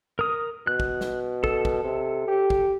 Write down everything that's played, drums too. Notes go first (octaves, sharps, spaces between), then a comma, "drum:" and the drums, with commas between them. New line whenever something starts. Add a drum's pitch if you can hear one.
A#4 D#6
B2 F#6
drum: kick
drum: snare
A4, drum: kick
drum: kick
C3
G4
drum: kick